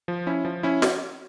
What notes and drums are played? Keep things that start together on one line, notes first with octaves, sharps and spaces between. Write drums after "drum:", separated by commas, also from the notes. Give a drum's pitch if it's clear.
F3
C#4 E4
F3
C#4 E4
drum: snare